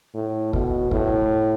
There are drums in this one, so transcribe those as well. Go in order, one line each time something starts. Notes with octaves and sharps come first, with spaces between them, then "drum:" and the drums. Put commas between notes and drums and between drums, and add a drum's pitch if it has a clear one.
A2
B2, drum: kick
A2, drum: kick